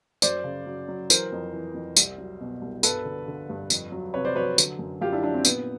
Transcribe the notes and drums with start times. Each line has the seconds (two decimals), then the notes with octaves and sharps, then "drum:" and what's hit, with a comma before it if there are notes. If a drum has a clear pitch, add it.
0.22 F#2 C5 D5, drum: tambourine
0.44 C#3
0.66 F#3
0.89 F#3
1.10 E3 A#4 C5, drum: tambourine
1.32 F2
1.53 E3
1.74 F2
1.96 C2, drum: tambourine
2.18 F#3
2.41 B2
2.61 C2
2.83 G2 A4 B4, drum: tambourine
3.05 D3
3.28 D3
3.50 G2
3.70 F2, drum: tambourine
3.92 F#3
4.14 C3 B4 C#5
4.25 C5 D5
4.35 F#3 B4 C#5
4.58 D3, drum: tambourine
4.79 F#2
5.01 F#2 F4 G4
5.12 D4 E4
5.23 F#3 D4 E4
5.34 C4
5.45 A#2 B3, drum: tambourine